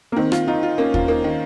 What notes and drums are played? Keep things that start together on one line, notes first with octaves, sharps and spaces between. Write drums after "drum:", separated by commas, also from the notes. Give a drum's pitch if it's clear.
A#3
D#3 C4
F4, drum: rim click
D#4 F4
F4
A#3 C#4
F4, drum: kick
A#3 D#4
D#3